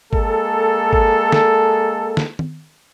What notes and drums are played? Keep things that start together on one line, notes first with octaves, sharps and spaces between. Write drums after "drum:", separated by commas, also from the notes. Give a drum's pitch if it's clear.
G#3 A#3 A4, drum: kick
drum: kick
drum: snare
drum: snare
drum: tom D#3